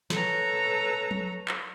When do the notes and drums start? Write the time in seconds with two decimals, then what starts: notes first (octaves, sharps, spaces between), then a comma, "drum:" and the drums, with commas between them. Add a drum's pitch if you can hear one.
0.10 A4 B4 C#5 A#5, drum: snare
1.11 drum: tom F3
1.48 drum: clap